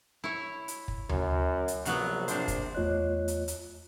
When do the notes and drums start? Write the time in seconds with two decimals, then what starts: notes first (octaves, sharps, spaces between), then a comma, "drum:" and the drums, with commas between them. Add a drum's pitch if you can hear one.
0.24 E4 C#5
0.68 drum: hi-hat
0.88 drum: kick
1.09 F#2, drum: tom D2
1.68 drum: hi-hat
1.85 A#1 C3 F#3 B3, drum: hi-hat
2.28 C3 D4 C5, drum: hi-hat
2.48 drum: kick, hi-hat
2.75 E2 A3 F4 C#5 D#5 F#6
3.28 drum: hi-hat
3.48 drum: hi-hat